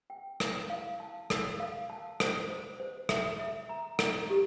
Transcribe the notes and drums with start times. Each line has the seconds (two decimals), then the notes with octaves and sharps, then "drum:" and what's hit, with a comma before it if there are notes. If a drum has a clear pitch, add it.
0.10 G5
0.40 E4, drum: rim click
0.70 F5
1.00 A5
1.30 A#4, drum: rim click
1.60 F5
1.90 A5
2.20 C5, drum: rim click
2.50 C5
2.80 C5
3.09 E5, drum: rim click
3.39 E5
3.69 A#5
3.99 E4, drum: rim click
4.30 G4